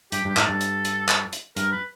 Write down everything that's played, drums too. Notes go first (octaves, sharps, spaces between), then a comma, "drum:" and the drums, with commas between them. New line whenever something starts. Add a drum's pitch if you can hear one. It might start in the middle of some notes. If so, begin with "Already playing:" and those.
G2 G4, drum: hi-hat
G2 G4
G#2, drum: clap
G2 A4
drum: hi-hat
drum: hi-hat
drum: clap
drum: hi-hat
G2 A#4, drum: hi-hat
B4